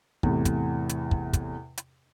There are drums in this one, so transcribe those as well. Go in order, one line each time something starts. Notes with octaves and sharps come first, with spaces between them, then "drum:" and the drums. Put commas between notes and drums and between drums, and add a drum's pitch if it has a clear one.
E2 A2 C3, drum: kick
drum: kick, hi-hat
drum: hi-hat
drum: kick
drum: kick, hi-hat
drum: hi-hat